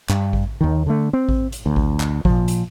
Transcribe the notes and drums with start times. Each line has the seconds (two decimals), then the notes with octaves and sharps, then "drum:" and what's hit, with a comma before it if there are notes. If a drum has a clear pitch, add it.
0.09 G2, drum: clap
0.33 drum: kick A1
0.61 D#2 D#3
0.87 D3 A3
1.13 C4
1.29 drum: kick A1
1.52 drum: hi-hat
1.66 D2
1.76 drum: kick A1
2.00 drum: clap
2.25 A#2 F3, drum: kick A1
2.48 drum: hi-hat